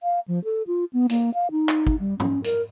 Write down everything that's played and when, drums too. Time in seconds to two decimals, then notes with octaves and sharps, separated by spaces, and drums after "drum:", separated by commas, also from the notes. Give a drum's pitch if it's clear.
0.03 F5
0.28 F3
0.44 A4
0.67 F4
0.93 B3
1.09 A#3, drum: hi-hat
1.34 F5
1.51 D#4
1.69 drum: clap
1.87 drum: kick
2.00 G3
2.20 C#4, drum: tom
2.44 A#4, drum: hi-hat